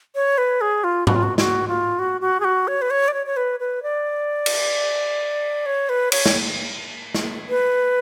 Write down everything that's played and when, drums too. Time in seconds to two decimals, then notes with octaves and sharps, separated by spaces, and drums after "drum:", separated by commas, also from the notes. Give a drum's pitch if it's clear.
0.15 C#5
0.38 B4
0.61 G#4
0.84 F4
1.07 F#4, drum: tom G#2
1.15 F4
1.23 F#4
1.38 F#4, drum: snare
1.68 F4
1.99 F#4
2.21 F#4
2.40 G#4
2.44 F#4
2.68 C#5
2.82 B4
2.90 C#5
3.08 D5
3.14 C#5
3.26 C#5
3.37 B4
3.60 B4
3.83 D5
4.46 drum: cymbal
5.66 C#5
5.89 B4
6.12 C#5, drum: cymbal
6.26 drum: snare
7.15 drum: snare
7.50 B4